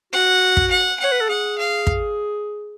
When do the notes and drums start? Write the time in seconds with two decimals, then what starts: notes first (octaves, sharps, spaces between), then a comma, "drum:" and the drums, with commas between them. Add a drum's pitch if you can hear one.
0.13 F#4 F#5
0.57 drum: kick
0.71 F#5
1.00 C#5 F#5
1.12 B4
1.21 A4
1.29 G#4 F#5
1.58 F5
1.87 drum: kick